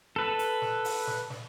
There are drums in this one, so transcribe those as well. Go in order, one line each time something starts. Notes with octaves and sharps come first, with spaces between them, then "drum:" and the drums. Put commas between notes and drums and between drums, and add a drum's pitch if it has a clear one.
A4 B4
drum: hi-hat
drum: snare
drum: open hi-hat
drum: snare
drum: snare